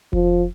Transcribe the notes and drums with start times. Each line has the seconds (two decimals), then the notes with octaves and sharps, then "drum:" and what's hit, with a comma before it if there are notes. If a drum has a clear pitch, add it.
0.13 F3, drum: kick F1